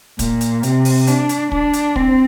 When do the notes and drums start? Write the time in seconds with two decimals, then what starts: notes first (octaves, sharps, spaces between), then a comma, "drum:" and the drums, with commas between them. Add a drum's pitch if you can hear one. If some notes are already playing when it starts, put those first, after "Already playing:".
0.19 A#2, drum: kick, hi-hat
0.41 drum: hi-hat
0.63 C3, drum: hi-hat
0.85 drum: open hi-hat
1.07 D4, drum: hi-hat
1.29 drum: hi-hat
1.52 D4, drum: kick
1.73 drum: hi-hat
1.96 C4, drum: kick